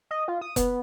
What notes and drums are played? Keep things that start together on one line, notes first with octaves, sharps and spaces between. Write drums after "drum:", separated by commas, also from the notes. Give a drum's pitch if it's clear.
D#5
F4
D#6
B3, drum: kick F1, hi-hat